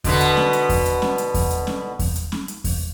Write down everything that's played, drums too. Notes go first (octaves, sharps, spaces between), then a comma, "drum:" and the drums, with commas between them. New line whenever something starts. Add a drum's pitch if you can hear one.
B2 D3 B3, drum: kick E2, open hi-hat
drum: hi-hat
drum: snare C#4
drum: hi-hat
drum: kick E2, open hi-hat
drum: hi-hat
drum: snare C#4
drum: hi-hat
drum: kick E2, open hi-hat
drum: hi-hat
drum: snare C#4
drum: kick E2, open hi-hat
drum: hi-hat
drum: snare C#4
drum: hi-hat
drum: kick E2, open hi-hat